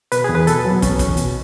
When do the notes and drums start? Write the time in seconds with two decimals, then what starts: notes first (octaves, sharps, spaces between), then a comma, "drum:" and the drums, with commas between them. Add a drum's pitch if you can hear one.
0.12 B2 B4, drum: hi-hat
0.24 E2 G#4
0.35 B4
0.47 B2 A4, drum: hi-hat
0.65 F#3
0.71 B3
0.82 B2 C#4, drum: kick, hi-hat
0.99 E2, drum: kick, hi-hat
1.17 B2, drum: hi-hat